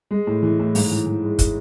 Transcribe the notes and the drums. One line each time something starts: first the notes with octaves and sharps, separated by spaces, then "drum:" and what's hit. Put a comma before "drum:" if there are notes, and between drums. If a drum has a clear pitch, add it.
G#3
A2
E3
A2
G#2, drum: open hi-hat
E3
E3
G#3
drum: kick, hi-hat